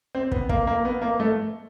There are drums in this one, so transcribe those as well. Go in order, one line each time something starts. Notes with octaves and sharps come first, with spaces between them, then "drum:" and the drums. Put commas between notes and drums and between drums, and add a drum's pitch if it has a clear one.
C4
B3, drum: kick
A#3, drum: kick
A#3
B3
A#3
A3